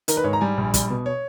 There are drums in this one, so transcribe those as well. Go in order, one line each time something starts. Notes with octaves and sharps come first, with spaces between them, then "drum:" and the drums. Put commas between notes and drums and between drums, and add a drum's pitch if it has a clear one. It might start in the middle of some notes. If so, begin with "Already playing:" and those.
D#3 A#4, drum: hi-hat
B4
G#2 C#5
A#5
G3 G#5
A#1
G3, drum: kick, hi-hat
B2
C#5